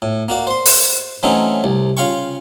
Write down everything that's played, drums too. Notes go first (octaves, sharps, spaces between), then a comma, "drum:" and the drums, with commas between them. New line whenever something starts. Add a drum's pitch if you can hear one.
A2
A#3 F#4 D5
C5 C6
drum: open hi-hat
E3 F#3 A3 C4 C#4 D#4
C2
C#3 F4 F5 G5 C#6